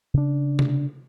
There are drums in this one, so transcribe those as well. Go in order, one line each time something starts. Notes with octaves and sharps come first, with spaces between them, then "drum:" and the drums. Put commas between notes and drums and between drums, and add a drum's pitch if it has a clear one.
C#3 D4
drum: tom C3